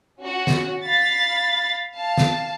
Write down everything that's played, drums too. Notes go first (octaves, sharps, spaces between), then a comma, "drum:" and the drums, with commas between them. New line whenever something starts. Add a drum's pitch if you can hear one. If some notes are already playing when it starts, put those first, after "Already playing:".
C#4 F#4
drum: snare
F5 B5 A6
F5 A5
drum: snare